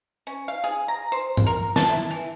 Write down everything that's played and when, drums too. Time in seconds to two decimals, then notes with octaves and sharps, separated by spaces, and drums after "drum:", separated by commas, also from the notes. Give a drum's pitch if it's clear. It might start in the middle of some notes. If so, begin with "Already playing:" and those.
0.27 C#4
0.48 F5
0.64 G#4
0.88 A#5
1.12 C5
1.37 drum: tom G#2
1.47 A#4
1.76 A5, drum: snare
1.89 E4
2.11 E3